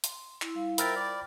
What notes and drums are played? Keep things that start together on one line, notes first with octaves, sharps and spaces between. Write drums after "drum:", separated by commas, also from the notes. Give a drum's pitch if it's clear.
C6, drum: hi-hat
E4 C6 E6, drum: clap
G3 E4 F5
F4 A#4 C5 E5 G5 B5 F6 A6, drum: hi-hat
D5 G5